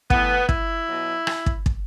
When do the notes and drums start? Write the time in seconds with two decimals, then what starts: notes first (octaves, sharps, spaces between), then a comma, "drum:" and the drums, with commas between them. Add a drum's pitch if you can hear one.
0.10 A2 E3 B3, drum: kick
0.49 E4, drum: kick
0.88 B2 F#3
1.27 drum: rim click
1.46 drum: kick
1.66 drum: kick